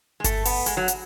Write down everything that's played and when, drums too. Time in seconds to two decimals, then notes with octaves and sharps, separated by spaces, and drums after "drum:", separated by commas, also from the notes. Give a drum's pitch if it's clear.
0.20 G#3
0.24 A3, drum: kick G1, hi-hat
0.45 B3, drum: open hi-hat
0.66 G#3, drum: hi-hat
0.77 F#3
0.88 drum: hi-hat